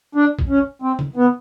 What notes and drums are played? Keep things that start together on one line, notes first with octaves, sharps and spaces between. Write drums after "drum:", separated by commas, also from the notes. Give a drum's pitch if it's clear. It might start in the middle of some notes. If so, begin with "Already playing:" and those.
D4
drum: kick A1
C#4
C4
drum: tom
B3